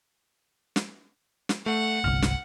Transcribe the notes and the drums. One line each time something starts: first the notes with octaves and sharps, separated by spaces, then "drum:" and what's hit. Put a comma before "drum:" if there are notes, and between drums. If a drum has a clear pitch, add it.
drum: snare
drum: snare
A3 F#5
G1 C2 F6
drum: snare